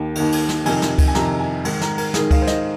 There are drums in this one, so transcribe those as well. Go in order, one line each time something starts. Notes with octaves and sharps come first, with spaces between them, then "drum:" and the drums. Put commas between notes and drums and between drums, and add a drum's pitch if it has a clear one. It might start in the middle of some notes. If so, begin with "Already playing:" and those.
Already playing: D#2 D#3
D#2 D#3, drum: cymbal
drum: cymbal
drum: snare
F2 C3 D#3 G#5, drum: cymbal
drum: snare
drum: kick C#2, cymbal
G#5
F2 C3 D#3 A#5, drum: snare
G#5
G#2 D#3, drum: cymbal
A#5, drum: snare
A#4, drum: cymbal
G#2 D#3 G#4, drum: snare
F5, drum: kick C#2, cymbal
C5
D#5, drum: snare